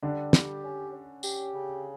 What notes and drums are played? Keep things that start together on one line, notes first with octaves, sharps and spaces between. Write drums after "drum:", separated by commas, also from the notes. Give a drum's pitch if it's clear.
D3 G3 D4
G4, drum: snare
C#4
C#4
G4, drum: tambourine
C#3